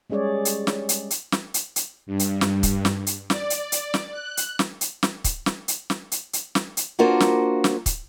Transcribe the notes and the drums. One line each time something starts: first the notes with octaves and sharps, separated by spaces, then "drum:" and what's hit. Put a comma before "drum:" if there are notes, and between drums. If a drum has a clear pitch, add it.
G3 G#3 C#4 G#4 C#5 D5
drum: hi-hat
drum: snare
drum: hi-hat
drum: hi-hat
drum: snare
drum: hi-hat
drum: hi-hat
G2
drum: hi-hat
drum: snare
drum: kick, hi-hat
drum: snare
drum: hi-hat
D5, drum: snare
drum: hi-hat
drum: hi-hat
drum: snare
F#6
drum: hi-hat
drum: snare
drum: hi-hat
drum: snare
drum: kick, hi-hat
drum: snare
drum: hi-hat
drum: snare
drum: hi-hat
drum: hi-hat
drum: snare
drum: hi-hat
A#3 D4 F4 F#4 A#4 C5
drum: snare
drum: snare
drum: kick, hi-hat